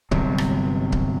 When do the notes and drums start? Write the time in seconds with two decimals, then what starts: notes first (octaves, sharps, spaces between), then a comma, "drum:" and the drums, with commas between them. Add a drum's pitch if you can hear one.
0.11 G1 C3 F#3, drum: kick C#1
0.38 drum: rim click
0.92 drum: kick C#1